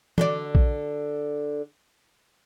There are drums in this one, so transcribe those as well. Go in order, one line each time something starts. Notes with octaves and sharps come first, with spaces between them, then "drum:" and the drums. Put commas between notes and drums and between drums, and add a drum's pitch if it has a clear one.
D3 F#4 D5, drum: tom
drum: kick A#1